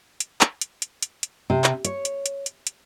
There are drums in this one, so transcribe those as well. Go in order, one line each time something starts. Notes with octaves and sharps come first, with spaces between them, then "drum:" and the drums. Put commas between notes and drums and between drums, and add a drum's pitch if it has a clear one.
drum: hi-hat
drum: clap
drum: hi-hat
drum: hi-hat
drum: hi-hat
drum: hi-hat
C3
drum: clap
C#5, drum: hi-hat
drum: hi-hat
drum: hi-hat
drum: hi-hat
drum: hi-hat